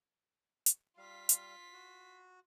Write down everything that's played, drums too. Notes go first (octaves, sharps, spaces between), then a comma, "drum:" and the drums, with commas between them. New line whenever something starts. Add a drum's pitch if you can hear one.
drum: hi-hat
G3 F4 F5 B6
drum: hi-hat
F#4